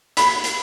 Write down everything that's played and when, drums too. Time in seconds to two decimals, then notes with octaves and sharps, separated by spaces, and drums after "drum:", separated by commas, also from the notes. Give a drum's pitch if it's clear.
0.17 B5, drum: hi-hat
0.44 drum: hi-hat